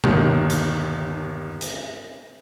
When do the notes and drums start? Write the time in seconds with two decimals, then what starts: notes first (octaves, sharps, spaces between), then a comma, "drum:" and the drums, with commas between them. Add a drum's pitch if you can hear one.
0.04 G1 D#2 D#3, drum: tom B2
0.50 drum: hi-hat
1.61 drum: hi-hat